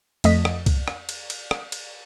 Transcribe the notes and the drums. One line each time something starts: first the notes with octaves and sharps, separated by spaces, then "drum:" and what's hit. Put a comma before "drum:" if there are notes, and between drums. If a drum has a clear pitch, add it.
F2 A3 D#5 B6, drum: cymbal
drum: rim click
drum: kick C2, cymbal
drum: rim click
drum: cymbal
drum: cymbal
drum: rim click
drum: cymbal